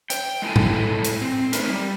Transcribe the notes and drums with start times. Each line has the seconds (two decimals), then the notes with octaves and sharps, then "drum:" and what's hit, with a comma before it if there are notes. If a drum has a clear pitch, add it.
0.10 G5, drum: hi-hat
0.42 G#3 A3 E4 A4 G#5
0.56 drum: tom
1.04 drum: hi-hat
1.21 C4
1.53 A3 D#4 A#4 B4, drum: hi-hat
1.70 G3